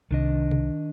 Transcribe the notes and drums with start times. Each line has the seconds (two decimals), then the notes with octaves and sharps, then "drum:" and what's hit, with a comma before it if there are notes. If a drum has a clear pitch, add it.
0.11 C2 D#3 D4 D#5
0.51 drum: tom C3